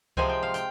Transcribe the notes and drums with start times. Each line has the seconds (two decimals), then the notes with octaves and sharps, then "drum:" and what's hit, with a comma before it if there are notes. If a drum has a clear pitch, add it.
0.17 C3 F3 G#3 C4 G#5, drum: kick C#2
0.29 G5
0.43 F5
0.54 G5, drum: hi-hat